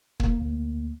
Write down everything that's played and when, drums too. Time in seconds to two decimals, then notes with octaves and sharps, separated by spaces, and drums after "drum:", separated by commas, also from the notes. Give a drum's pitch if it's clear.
0.20 A#3, drum: kick
0.37 D2 A#3